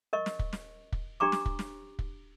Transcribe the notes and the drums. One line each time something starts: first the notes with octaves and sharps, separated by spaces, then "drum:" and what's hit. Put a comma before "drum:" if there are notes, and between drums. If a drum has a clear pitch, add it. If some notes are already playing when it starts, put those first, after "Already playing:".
A#4 D#5 C#6
drum: snare
drum: kick
drum: snare
drum: kick
D4 G4 A#5 C#6 D6
drum: snare
drum: kick
drum: snare
drum: kick